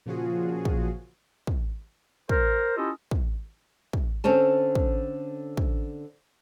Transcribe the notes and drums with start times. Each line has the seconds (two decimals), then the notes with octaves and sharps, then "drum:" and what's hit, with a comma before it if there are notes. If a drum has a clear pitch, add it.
0.06 A#2 C#3 F3 F4 F#4 G#4
0.65 drum: kick
1.47 drum: kick
2.29 A#4 C5, drum: kick
2.76 C#4 E4 F4 G4 A4 D#5
3.11 drum: kick
3.93 drum: kick
4.24 D3 C4 C#4 A5
4.75 drum: kick
5.57 drum: kick